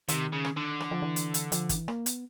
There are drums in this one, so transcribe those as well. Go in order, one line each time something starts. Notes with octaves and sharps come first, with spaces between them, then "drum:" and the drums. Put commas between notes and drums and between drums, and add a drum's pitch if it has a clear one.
C3 D#3, drum: hi-hat
C#3
drum: rim click
D3
E3, drum: rim click
F3
E3
drum: hi-hat
drum: hi-hat
F3, drum: hi-hat
E3, drum: kick G1, hi-hat
A#3, drum: rim click
B3, drum: hi-hat